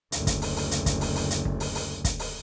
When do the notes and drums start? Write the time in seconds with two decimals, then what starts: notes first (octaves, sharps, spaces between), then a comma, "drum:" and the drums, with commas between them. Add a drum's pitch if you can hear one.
0.12 F#1 D2, drum: hi-hat
0.27 drum: kick, hi-hat
0.42 drum: open hi-hat
0.56 drum: open hi-hat
0.71 drum: hi-hat
0.86 drum: kick, hi-hat
1.01 drum: open hi-hat
1.16 drum: open hi-hat
1.30 drum: hi-hat
1.45 drum: kick
1.60 drum: open hi-hat
1.75 drum: open hi-hat
2.05 drum: kick, hi-hat
2.19 drum: open hi-hat